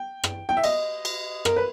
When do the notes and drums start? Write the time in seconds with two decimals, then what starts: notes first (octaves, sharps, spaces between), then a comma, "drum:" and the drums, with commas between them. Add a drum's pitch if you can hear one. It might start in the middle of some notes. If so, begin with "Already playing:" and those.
Already playing: G5
0.24 drum: rim click
0.49 G5
0.57 E5
0.64 D#5, drum: cymbal
1.05 drum: cymbal
1.45 A#4, drum: rim click
1.56 B4